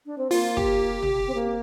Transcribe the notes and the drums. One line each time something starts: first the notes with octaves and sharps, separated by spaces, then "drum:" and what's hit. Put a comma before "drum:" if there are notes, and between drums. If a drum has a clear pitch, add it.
D4
C4
A#3 F4, drum: open hi-hat
G4, drum: kick
drum: tom
C4
A#3